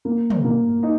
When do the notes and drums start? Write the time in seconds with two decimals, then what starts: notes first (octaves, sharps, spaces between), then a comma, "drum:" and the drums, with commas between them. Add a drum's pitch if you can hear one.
0.05 A#3
0.30 drum: tom
0.44 A#3
0.83 D#4